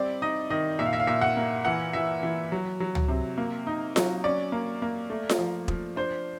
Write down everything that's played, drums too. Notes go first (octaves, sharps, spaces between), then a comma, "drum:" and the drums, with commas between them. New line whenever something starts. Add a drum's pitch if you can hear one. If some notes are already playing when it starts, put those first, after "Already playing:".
Already playing: G3 C4 E4 D5
D#4 D#5
D#3 D#5
A#2 E5
F5
E5
F5
A#2 E5
F#5
A#3
E3 F#5
E3 E5
E3
F#3
F#3
drum: tom
C3
A#3
D#4
F#3, drum: snare F4
C#4 D5
A#3
A#3
A3
drum: snare F4
F3
F3, drum: kick E1
D4 C5